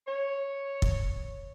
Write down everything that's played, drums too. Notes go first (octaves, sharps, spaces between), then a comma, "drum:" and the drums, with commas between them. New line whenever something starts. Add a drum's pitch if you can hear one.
C#5
drum: kick